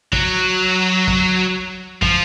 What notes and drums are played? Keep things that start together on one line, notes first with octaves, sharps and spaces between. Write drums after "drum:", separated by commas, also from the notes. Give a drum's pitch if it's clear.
F#3, drum: kick
drum: kick
F3, drum: kick